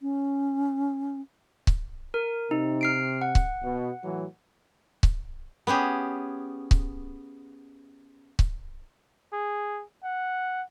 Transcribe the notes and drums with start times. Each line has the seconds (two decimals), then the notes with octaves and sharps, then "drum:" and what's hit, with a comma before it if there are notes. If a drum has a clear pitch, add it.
0.01 C#4
1.67 drum: kick C#1
2.14 A#4
2.51 C3 D#4
2.81 F6 C7 D7
3.22 F#5
3.35 drum: kick C#1
3.63 B2
4.03 A2 E3 F#3
5.03 drum: kick C#1
5.67 B3 C#4 G4 G#4
6.71 drum: kick C#1
8.39 drum: kick C#1
9.33 G#4
10.03 F#5